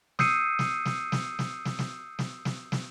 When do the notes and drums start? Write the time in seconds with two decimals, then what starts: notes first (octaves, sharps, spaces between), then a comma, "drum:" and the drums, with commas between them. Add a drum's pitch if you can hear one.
0.19 D#6 E6 G6 C7 C#7 D#7, drum: snare
0.59 drum: snare
0.85 drum: snare
1.12 drum: snare
1.39 drum: snare
1.65 drum: snare
1.79 drum: snare
2.19 drum: snare
2.45 drum: snare
2.72 drum: snare